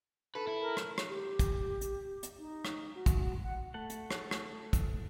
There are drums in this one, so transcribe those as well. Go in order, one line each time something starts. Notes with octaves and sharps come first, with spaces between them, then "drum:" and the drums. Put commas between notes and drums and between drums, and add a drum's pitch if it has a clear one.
A4 B4
E4
A#4
drum: rim click
drum: rim click
G4
drum: kick, hi-hat
drum: hi-hat
drum: hi-hat
D#4
drum: rim click
F#4
drum: kick, hi-hat
F#5
A3 A4 F#5
drum: hi-hat
drum: rim click
drum: rim click
drum: kick, hi-hat